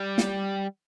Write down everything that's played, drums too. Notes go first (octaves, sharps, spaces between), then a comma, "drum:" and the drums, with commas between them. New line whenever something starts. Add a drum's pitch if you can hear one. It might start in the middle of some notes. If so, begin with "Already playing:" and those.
Already playing: G3
drum: snare